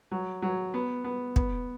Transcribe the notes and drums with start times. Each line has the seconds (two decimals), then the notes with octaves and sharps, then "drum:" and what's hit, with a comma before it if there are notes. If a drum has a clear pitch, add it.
0.11 F#3
0.42 F#3
0.74 B3
1.04 B3
1.36 B3, drum: kick